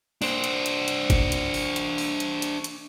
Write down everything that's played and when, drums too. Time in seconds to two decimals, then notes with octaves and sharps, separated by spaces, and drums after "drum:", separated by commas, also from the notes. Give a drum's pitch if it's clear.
0.22 D4 C5, drum: open hi-hat
0.44 drum: hi-hat
0.66 drum: hi-hat
0.88 drum: hi-hat
1.10 drum: kick, hi-hat
1.32 drum: hi-hat
1.54 drum: open hi-hat
1.76 drum: hi-hat
1.98 drum: open hi-hat
2.20 drum: hi-hat
2.42 drum: hi-hat
2.64 drum: hi-hat